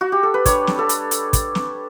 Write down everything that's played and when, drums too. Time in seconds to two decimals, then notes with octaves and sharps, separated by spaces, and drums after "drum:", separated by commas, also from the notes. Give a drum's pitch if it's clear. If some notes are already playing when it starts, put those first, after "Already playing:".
0.01 F#4
0.12 G4
0.23 A4
0.34 B4
0.46 G3 D4 C#5, drum: kick, hi-hat
0.67 drum: snare
0.79 A4
0.89 drum: hi-hat
1.11 drum: hi-hat
1.33 drum: kick, hi-hat
1.55 drum: snare